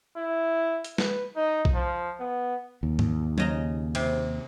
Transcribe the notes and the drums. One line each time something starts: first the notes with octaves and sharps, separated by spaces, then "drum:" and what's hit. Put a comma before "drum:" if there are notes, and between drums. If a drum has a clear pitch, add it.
E4
drum: hi-hat
B4, drum: snare
D#4
drum: kick B1
F3
B3
D#2
drum: tom G#2
C#3 D#5 A#5, drum: tom
C3, drum: cymbal